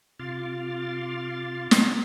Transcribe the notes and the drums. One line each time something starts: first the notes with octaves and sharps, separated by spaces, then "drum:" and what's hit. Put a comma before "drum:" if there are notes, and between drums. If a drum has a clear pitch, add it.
C3 F4 C6 D6 F6 A6
drum: snare